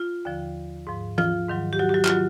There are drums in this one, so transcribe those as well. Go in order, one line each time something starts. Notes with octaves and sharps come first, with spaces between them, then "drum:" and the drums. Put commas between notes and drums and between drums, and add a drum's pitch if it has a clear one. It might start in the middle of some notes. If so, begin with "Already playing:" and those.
Already playing: F4
D#2 D3 F3
G#2 F3
F3 F4, drum: tom E3
G#2 D#3 F#3
G4
F#3 F#4
G4
F#3 F#4
F4, drum: clap
D#3 F#3 F#4